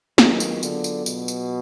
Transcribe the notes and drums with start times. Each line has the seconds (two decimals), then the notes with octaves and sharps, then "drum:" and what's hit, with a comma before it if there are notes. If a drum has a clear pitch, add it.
0.18 D#3 F#3 B3 F4 G#4, drum: snare
0.40 drum: tambourine
0.63 D3, drum: tambourine
0.84 drum: tambourine
1.06 B2, drum: tambourine
1.28 drum: tambourine